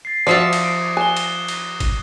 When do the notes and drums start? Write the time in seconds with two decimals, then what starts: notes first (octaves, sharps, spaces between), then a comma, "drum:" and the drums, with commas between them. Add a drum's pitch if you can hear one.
0.05 A6 C7
0.27 F3 F#4 D5 E5 A5 D6 D#6 C#7
0.53 drum: cymbal
0.65 C7 D7
0.77 D6 G#6
0.97 G#5 F#6 E7 G7
1.17 drum: cymbal
1.48 drum: cymbal
1.80 drum: kick, cymbal